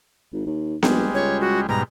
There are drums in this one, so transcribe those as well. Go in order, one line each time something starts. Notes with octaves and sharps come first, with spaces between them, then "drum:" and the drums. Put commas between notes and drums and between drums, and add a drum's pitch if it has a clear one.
G#1
D#2
A#1 G3 G#3, drum: snare B3
C#2 C#5
F#4
G#2 B2 G3 A#5